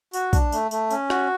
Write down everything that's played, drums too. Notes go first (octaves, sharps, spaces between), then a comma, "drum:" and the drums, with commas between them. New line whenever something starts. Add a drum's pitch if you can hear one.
F#4, drum: tambourine
D4, drum: kick, tambourine
A3, drum: tambourine
A3, drum: tambourine
C#4, drum: tambourine
F#4, drum: rim click